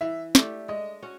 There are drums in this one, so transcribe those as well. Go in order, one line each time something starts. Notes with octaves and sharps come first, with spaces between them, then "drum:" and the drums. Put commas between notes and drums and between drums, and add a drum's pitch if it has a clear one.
E3 E5
A3 D4 G4, drum: snare
G#3 D#5
C#4 F#4